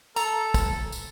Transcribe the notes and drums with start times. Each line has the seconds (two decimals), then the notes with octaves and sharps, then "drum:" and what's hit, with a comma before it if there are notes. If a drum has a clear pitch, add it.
0.16 A4 A#5, drum: tambourine
0.54 drum: kick, tambourine
0.92 drum: tambourine